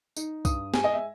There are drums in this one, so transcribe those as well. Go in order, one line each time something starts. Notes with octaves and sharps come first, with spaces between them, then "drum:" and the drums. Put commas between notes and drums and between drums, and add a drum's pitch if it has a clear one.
D#4, drum: tambourine
G2 D#6, drum: kick C2, tambourine
G#3 G#5, drum: snare
D#5
E5